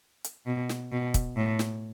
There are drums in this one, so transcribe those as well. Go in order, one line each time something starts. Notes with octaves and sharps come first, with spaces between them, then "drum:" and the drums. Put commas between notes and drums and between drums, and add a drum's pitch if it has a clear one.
drum: hi-hat
B2
drum: snare
B2
drum: kick, hi-hat
A2
drum: snare